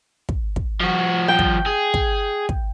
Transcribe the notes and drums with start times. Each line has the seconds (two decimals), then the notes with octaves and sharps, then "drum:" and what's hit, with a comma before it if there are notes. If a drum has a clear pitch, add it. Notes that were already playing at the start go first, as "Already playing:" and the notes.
0.29 drum: kick
0.56 drum: kick
0.80 F3 F#4
1.28 G5
1.39 drum: kick
1.66 G#4
1.94 drum: kick
2.49 drum: kick